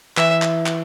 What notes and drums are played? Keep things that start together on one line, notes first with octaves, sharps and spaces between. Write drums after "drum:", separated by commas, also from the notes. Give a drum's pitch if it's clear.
E3 E5, drum: clap
drum: clap
drum: clap